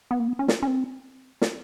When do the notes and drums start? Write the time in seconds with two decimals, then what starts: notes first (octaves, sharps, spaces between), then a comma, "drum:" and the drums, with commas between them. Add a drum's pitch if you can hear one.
0.11 B3
0.20 A#3
0.28 B3
0.39 C#4
0.48 drum: snare
0.62 C#4
0.67 C4
1.41 drum: snare